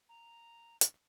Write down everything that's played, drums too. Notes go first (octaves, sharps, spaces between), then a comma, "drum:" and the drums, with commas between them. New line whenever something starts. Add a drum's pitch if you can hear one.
A#5
drum: hi-hat